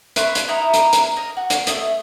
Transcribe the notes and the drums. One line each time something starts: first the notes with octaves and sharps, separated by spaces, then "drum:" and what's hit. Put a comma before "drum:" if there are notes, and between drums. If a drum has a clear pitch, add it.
B4 E5 C6 C#6, drum: hi-hat
drum: hi-hat
D#4 E4 A#4 B4
drum: hi-hat
drum: hi-hat
A#4 D#5
F#4
drum: hi-hat
A3 D#5, drum: hi-hat